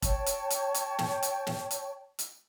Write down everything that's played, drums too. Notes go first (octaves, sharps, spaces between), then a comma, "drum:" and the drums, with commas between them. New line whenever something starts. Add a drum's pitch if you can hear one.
C#5 G5 A5 C#6, drum: kick E1, hi-hat
drum: hi-hat
drum: hi-hat
drum: hi-hat
drum: snare
drum: hi-hat
drum: snare
drum: hi-hat
drum: hi-hat